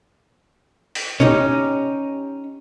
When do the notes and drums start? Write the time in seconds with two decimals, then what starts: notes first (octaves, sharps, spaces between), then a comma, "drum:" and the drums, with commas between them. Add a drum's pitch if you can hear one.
0.95 drum: open hi-hat
1.20 C#4 D#4 G4, drum: tom